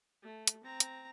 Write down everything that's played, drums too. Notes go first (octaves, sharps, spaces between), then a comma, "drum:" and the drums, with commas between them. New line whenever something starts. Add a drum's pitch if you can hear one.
A3
drum: hi-hat
C4 A#5
drum: hi-hat